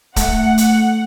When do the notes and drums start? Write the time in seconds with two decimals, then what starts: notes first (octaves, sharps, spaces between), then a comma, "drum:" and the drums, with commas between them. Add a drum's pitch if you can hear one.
0.16 A3 F#5, drum: kick D1, hi-hat
0.58 drum: hi-hat